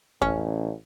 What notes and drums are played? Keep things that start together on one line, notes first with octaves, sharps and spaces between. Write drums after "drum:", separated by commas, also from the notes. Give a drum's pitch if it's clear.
A1 C#4, drum: kick F2